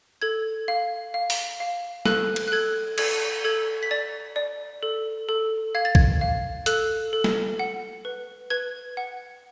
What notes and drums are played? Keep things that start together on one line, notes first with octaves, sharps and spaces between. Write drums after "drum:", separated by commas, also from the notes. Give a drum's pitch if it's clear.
A4 G#6
F5
F5
drum: open hi-hat
F5
A4 F#6, drum: snare
drum: cymbal
F#6
A4 G#6
A4 G#6, drum: cymbal
A4 G#6
B6
D5 A6
D5
A4
A4
F5 G#6
A6
G#6, drum: kick
F5
A4 F#6, drum: hi-hat
A4
drum: snare
F#5
B4
B4 G#6
F#5